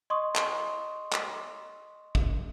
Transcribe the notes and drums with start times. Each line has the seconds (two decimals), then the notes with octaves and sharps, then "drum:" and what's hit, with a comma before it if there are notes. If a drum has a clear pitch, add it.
0.10 D#5 C6 C#6 D#6
0.36 drum: clap
1.12 drum: clap
2.15 drum: kick